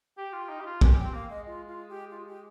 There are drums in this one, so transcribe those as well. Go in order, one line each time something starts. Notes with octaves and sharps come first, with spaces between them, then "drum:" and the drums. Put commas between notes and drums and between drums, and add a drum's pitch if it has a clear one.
G4 G5
F4
D#4
G4
F4
G4 G#5, drum: kick
G5
C4
A#3 F5
G#3 D#5
F4
F4
G4
F4
G4